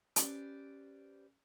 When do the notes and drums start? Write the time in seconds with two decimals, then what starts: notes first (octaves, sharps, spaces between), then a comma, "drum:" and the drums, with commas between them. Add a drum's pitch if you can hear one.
0.16 C#4 G4 B4 C5 D5, drum: hi-hat